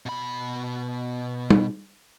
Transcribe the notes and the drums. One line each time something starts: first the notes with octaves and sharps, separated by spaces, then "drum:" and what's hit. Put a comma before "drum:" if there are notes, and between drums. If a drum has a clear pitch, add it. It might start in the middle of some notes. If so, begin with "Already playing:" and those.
B2 B5
drum: tom G3